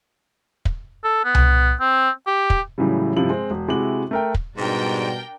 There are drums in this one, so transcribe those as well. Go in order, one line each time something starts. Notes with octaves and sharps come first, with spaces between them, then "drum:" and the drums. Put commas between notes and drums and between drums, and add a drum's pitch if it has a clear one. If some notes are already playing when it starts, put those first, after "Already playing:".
drum: kick
A4
B3
drum: tom C2
C4
G4
drum: kick
A2 C#3 E3 F#3 G3
G2 C3 F3 E4 F#7
G#3 C4
E1
C3 G#3 E4 F#4 D6 F#7
A3 A#4 G5
drum: kick
G#2 B2 G3 D4 A#4 G5